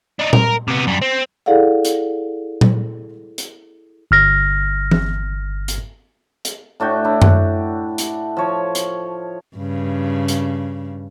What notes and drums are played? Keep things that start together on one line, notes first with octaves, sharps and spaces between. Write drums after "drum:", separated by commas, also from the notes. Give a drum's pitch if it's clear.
D4 D#4
A#4, drum: tom A#2
C3 B3
F#2 G3
C4
E4 G#4 A4 D5 F5 F#5
drum: hi-hat
drum: tom A#2
drum: hi-hat
G1 F6 A#6
drum: tom E3
drum: hi-hat
drum: hi-hat
A2 D4 F#4 G5
D4 E4
drum: tom F#2
drum: hi-hat
F3 C#5
drum: hi-hat
G2 C#3
drum: hi-hat